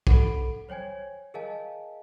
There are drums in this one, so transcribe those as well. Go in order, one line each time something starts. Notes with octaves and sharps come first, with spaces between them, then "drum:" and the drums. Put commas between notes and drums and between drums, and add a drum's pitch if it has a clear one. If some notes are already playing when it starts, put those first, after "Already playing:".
A4 F#5 B5 D7, drum: kick B1
C5 C#5 G5 G#5 G#6
G#4 A#4 D#5 F5 G#5 A5